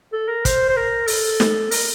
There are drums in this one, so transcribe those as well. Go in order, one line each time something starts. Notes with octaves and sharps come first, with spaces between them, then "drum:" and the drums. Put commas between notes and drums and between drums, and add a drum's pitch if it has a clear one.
A4
A#4
C5, drum: kick, hi-hat
C5
A#4
A4, drum: open hi-hat
drum: snare
A#4, drum: open hi-hat